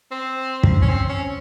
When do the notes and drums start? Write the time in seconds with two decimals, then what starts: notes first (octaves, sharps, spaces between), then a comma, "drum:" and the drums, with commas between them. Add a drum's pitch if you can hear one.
0.11 C4
0.63 drum: kick
0.82 C#4
0.89 C4
1.09 C#4